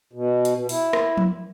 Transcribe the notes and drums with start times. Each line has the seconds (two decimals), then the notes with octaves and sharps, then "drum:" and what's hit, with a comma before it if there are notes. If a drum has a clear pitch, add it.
0.13 B2
0.45 drum: hi-hat
0.55 B2
0.69 E4, drum: open hi-hat
0.93 drum: rim click
1.17 drum: tom F3